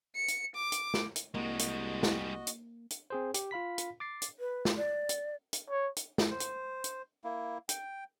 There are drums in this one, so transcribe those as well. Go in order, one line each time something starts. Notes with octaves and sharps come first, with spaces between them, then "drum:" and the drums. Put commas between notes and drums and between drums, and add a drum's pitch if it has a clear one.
C#7
drum: hi-hat
D6
drum: hi-hat
drum: snare
drum: hi-hat
C2 G3 G#3 A#3 F#4 D#5
drum: hi-hat
drum: snare
drum: hi-hat
drum: hi-hat
C4 G#4 C5
G4, drum: hi-hat
F4 F5 B5 B6
drum: hi-hat
D6 A6 C7
drum: hi-hat
B4
drum: snare
D5
drum: hi-hat
drum: hi-hat
C#5
drum: hi-hat
drum: snare
C5
drum: hi-hat
drum: hi-hat
A#3 E4
G5, drum: hi-hat